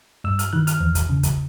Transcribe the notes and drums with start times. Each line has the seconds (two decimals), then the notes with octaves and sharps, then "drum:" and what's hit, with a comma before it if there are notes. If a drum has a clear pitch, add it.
0.24 G2 E6
0.39 F6, drum: hi-hat
0.53 D#3 F#6
0.67 F6, drum: hi-hat
0.81 E2
0.95 drum: kick, hi-hat
1.10 C#3
1.23 drum: kick, hi-hat